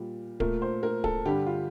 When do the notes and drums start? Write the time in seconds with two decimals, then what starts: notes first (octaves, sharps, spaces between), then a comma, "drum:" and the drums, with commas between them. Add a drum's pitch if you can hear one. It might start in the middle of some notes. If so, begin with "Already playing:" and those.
Already playing: A#2 G3
0.40 A#2 A3 A#4, drum: kick D1
0.62 C5
0.83 A#4
1.04 A4, drum: kick D1
1.25 G2 D3 G3 G4
1.46 F4